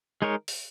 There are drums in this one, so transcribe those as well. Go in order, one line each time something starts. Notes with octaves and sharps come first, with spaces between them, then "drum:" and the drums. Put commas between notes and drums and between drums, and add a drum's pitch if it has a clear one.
G#3 D#4 A#4 C#5
drum: open hi-hat